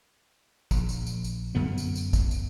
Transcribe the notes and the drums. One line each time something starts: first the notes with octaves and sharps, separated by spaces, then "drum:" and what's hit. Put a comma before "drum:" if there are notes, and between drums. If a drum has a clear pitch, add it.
A#1, drum: kick, tambourine
drum: tambourine
drum: tambourine
drum: tambourine
F#2 D3 B3
drum: tambourine
drum: tambourine
drum: kick, tambourine
drum: tambourine